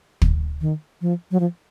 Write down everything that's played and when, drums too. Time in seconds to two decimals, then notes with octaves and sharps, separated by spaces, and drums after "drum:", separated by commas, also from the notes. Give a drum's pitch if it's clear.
0.22 drum: kick
0.61 D#3
1.01 F3
1.31 F#3
1.40 F3